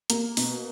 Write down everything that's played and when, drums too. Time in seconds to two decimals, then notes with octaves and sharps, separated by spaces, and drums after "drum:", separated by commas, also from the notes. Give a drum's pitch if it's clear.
0.10 A#3, drum: hi-hat
0.37 B2, drum: open hi-hat